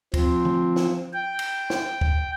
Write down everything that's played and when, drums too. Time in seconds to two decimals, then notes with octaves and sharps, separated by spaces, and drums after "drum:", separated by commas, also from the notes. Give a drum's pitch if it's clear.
0.14 F3 C4, drum: kick, cymbal
0.45 drum: tom
0.76 drum: snare
1.13 G5
1.39 drum: cymbal
1.70 drum: snare
2.01 drum: kick